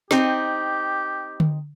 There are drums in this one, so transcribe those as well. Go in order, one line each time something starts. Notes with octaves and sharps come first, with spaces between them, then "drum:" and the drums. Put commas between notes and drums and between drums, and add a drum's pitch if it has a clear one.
C4 D#4 G4, drum: snare
drum: tom D3